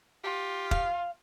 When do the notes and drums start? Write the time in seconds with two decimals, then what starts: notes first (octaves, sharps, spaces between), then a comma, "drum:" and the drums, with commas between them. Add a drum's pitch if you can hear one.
0.24 F4 G4
0.71 F5, drum: kick